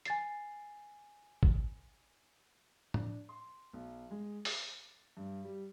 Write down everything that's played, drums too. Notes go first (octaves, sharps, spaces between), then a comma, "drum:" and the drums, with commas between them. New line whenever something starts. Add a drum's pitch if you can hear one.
G#5 A6 C7, drum: hi-hat
drum: kick A1
D4, drum: tom
C6
B1
G#3
A6, drum: open hi-hat
G2
G3